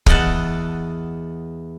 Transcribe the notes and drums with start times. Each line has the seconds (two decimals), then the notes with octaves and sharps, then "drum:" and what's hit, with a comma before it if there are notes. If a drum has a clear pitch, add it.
0.06 E2 D#5 F#5 A5, drum: kick